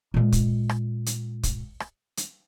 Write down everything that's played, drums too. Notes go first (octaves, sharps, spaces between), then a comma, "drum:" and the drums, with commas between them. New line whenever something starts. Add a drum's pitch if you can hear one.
A#2 G#3
drum: kick, hi-hat
drum: rim click
drum: hi-hat
drum: kick, hi-hat
drum: rim click
drum: hi-hat